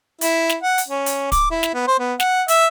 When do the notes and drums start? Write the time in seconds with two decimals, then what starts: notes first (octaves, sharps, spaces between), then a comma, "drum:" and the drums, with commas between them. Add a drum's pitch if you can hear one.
0.21 E4, drum: hi-hat
0.49 drum: snare
0.63 F#5
0.78 drum: hi-hat
0.88 C#4
1.06 drum: hi-hat
1.32 D6, drum: kick, hi-hat
1.51 E4
1.63 drum: snare
1.74 B3
1.87 C5
1.99 B3
2.20 F#5, drum: snare
2.48 E5, drum: hi-hat